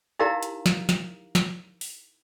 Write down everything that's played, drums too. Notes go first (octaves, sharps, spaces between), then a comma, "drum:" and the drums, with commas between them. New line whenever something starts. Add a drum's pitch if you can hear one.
D#4 E4 G4 A#4 F5 A#5
drum: hi-hat
drum: snare
drum: snare
drum: snare
drum: open hi-hat